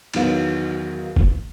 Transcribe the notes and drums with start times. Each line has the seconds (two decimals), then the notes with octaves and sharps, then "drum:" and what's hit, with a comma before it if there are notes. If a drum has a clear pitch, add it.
0.14 E2 D#3 F#3 B3 F5, drum: cymbal
1.16 drum: kick